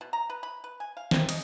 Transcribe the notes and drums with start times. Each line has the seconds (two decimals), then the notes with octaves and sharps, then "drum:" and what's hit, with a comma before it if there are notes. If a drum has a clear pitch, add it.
0.01 B2
0.13 A#5
0.30 B4
0.43 B5
0.64 B4
0.80 G#5
0.97 F5
1.11 C4, drum: snare
1.29 D#5, drum: cymbal